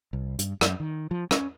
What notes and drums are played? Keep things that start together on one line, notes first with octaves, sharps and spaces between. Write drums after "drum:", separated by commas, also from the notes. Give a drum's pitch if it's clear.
C2
G2, drum: hi-hat
F#2, drum: rim click
D#3
F3
C#4, drum: rim click